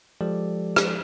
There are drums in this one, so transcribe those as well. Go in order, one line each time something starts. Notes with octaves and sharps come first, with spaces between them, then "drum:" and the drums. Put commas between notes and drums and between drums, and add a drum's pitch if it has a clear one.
F3 G#3 G4 A4 D5
drum: rim click